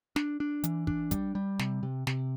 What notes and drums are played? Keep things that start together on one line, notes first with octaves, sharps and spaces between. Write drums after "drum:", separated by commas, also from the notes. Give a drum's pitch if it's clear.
D4, drum: snare
D4
E3, drum: hi-hat
D4, drum: kick
G3, drum: kick, hi-hat
G3
C3, drum: snare
C3
C3, drum: snare